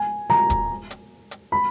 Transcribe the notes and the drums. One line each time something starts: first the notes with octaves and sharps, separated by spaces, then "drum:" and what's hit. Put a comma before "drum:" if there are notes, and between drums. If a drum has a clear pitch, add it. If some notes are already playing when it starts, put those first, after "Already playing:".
Already playing: G#5
A#5, drum: snare
drum: kick D#1, hi-hat
drum: hi-hat
drum: hi-hat
B5